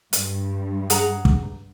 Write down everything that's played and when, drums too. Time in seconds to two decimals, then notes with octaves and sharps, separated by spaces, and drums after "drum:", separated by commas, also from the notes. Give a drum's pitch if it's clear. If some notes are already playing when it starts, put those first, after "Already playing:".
0.13 G2, drum: hi-hat
0.90 G#4 F#5 A#5, drum: hi-hat
1.25 drum: kick